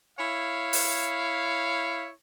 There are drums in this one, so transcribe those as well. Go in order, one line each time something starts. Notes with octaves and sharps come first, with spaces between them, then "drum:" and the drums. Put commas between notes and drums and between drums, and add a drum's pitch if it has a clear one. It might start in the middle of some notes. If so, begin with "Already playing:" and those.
E4 C#5 F5
drum: open hi-hat